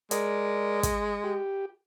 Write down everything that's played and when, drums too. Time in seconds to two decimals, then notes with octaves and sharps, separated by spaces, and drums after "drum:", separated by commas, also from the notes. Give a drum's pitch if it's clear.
0.11 G#3 A#4 D5, drum: hi-hat
0.83 drum: kick, hi-hat
1.24 G4